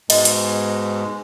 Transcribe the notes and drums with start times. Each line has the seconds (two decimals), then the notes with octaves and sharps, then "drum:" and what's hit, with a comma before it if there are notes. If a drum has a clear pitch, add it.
0.10 G#2 B2 G#3 D#5, drum: cymbal
0.25 drum: hi-hat